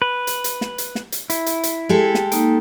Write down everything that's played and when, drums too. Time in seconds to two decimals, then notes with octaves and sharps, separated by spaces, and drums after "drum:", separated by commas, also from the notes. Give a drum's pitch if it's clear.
0.02 B4
0.27 drum: hi-hat
0.44 drum: hi-hat
0.61 drum: snare
0.78 drum: hi-hat
0.95 drum: snare
1.12 drum: hi-hat
1.30 E4, drum: hi-hat
1.46 drum: hi-hat
1.63 drum: hi-hat
1.89 G#3 G4 A4
2.15 drum: snare
2.32 A#3 D#4, drum: hi-hat